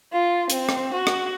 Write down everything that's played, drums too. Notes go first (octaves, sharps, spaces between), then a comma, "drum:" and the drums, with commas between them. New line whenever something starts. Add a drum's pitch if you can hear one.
F4
C4, drum: hi-hat
drum: rim click
F#4
drum: rim click